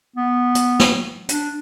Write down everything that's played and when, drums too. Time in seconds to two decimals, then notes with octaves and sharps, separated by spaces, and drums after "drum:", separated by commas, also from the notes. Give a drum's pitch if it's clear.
0.16 B3
0.55 drum: hi-hat
0.79 drum: snare
1.29 D4, drum: hi-hat